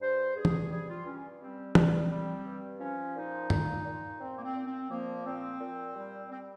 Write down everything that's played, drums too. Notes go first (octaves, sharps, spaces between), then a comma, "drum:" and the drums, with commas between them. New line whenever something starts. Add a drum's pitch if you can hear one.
G2 C5
G2 G#4
drum: tom
G3 G#4
F4
G2 C#4
G3 C4
G3, drum: tom
G3
G2
F3 C#4
A#2 D#4
A#2, drum: tom G2
A#2
A#2 C4
A#3
C4
A#2
C4
F3 A#3
A#2 C4
A#2
G3
G3 C4